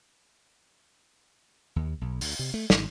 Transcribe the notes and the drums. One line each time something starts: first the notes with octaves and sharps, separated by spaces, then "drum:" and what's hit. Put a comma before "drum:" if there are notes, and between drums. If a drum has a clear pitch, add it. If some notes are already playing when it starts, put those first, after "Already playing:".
D#2
B1
D2, drum: open hi-hat
C3
A3
G#1, drum: snare